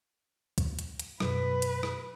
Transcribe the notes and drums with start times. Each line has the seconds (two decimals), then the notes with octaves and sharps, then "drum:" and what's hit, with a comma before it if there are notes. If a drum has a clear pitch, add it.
0.58 drum: kick, hi-hat
0.79 drum: hi-hat
1.00 drum: hi-hat
1.20 F#2 B2 F#3 B4, drum: rim click
1.62 drum: hi-hat
1.83 drum: rim click